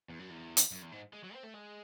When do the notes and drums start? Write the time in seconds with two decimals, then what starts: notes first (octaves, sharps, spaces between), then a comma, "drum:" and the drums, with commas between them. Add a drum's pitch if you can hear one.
0.09 E2
0.20 F#2
0.30 E2
0.57 drum: hi-hat
0.72 F#2
0.82 E2
0.92 G#2
1.13 G#3
1.24 F#3
1.34 C4
1.44 A3
1.55 G#3